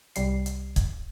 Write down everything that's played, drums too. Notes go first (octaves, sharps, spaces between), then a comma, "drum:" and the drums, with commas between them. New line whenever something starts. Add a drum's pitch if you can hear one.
C2 G3 C7, drum: hi-hat
drum: hi-hat
drum: kick, hi-hat